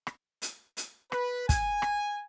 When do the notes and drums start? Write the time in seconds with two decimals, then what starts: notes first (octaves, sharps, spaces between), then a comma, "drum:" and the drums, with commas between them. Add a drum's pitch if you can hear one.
0.07 drum: rim click
0.42 drum: hi-hat
0.77 drum: hi-hat
1.12 B4, drum: rim click
1.49 G#5, drum: kick, hi-hat
1.82 drum: rim click